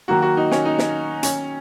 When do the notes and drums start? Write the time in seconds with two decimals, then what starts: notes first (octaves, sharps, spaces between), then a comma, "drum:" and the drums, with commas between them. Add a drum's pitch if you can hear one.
0.08 D#3 F#3 A#3 F#4
0.22 F#4
0.37 D#4
0.51 C#4, drum: snare
0.65 D#4
0.78 drum: snare
1.23 C#4, drum: hi-hat